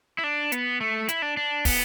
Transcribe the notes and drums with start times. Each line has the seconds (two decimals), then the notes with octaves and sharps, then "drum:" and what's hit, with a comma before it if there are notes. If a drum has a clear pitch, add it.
0.18 E4
0.24 D4
0.52 B3, drum: hi-hat
0.80 A3
1.09 E4, drum: hi-hat
1.22 D4
1.37 D4
1.65 B3, drum: kick, open hi-hat